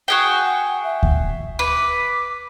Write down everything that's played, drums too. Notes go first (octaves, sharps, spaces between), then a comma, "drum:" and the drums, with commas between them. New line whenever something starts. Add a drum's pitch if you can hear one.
F#4 G#4 G5
F#5
E5
drum: kick D2
B4 D6